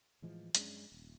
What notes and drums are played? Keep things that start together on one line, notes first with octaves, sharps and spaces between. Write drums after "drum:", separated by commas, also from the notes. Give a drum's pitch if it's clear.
A2 E3 F3 G#3
F#2 G#3 C#4 D4, drum: hi-hat
D#1